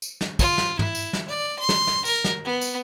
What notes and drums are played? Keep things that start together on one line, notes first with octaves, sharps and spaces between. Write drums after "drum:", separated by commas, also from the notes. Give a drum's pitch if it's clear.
drum: tambourine
drum: snare
F4, drum: kick, tambourine
drum: snare
E4, drum: tom
drum: tambourine
drum: snare
D5
C6
drum: snare
drum: snare
A#4, drum: tambourine
drum: snare
B3
drum: tambourine